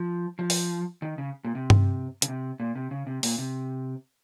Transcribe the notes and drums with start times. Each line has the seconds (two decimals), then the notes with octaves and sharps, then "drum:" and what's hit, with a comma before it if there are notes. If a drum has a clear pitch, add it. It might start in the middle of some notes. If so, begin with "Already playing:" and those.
Already playing: F3
0.39 F3
0.50 drum: open hi-hat
1.02 D#3
1.18 C#3
1.44 A#2
1.55 C3
1.70 drum: tom G2
2.22 C#3, drum: hi-hat
2.28 C3
2.60 A#2
2.75 C3
2.91 C#3
3.07 C3
3.23 A#2, drum: open hi-hat
3.38 C3